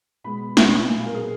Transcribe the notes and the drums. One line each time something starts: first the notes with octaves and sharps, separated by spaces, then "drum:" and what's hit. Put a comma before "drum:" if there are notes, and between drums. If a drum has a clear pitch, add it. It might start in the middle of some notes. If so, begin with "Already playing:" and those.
B2 G#3 B3 B5
B2 G#3 B3, drum: snare
A#2 F#3 B3 G#5
F5
A#4
G#4